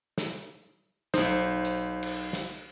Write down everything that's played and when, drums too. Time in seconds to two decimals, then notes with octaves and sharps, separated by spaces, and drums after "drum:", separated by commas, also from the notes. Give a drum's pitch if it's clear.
0.18 drum: snare
1.14 B1 D#4 C5, drum: snare
1.65 drum: hi-hat
2.03 drum: cymbal
2.33 drum: snare